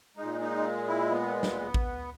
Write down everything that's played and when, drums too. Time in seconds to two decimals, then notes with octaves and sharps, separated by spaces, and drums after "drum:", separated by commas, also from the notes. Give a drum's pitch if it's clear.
0.17 G#3 D#4
0.22 A#2
0.41 D#4
0.88 E4
1.11 B3
1.43 drum: snare
1.74 drum: kick A1